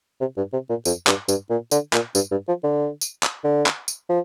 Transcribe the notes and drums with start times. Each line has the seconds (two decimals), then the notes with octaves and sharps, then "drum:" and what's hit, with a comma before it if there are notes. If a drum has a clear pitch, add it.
0.21 C3
0.37 G2
0.53 C3
0.69 A#2
0.85 F2, drum: tambourine
1.07 G2, drum: clap
1.28 G2, drum: tambourine
1.50 A#2
1.71 D3, drum: tambourine
1.93 A#2, drum: clap
2.15 G2, drum: tambourine
2.31 G2
2.48 F3
2.64 D3
3.01 drum: tambourine
3.23 drum: clap
3.44 D3
3.66 drum: clap
3.88 drum: tambourine
4.09 F3